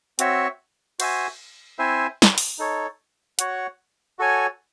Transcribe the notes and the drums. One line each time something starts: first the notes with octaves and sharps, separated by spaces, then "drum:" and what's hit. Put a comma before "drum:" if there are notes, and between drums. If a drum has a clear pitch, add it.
C4 F#4 C#5 E5, drum: hi-hat
F#4 C5 E5 G#5, drum: cymbal
C4 E4 C5 E5 G#5
drum: snare
drum: open hi-hat
D#4 A4 C#5
F#4 C#5 F#5, drum: hi-hat
F#4 A4 C#5 G#5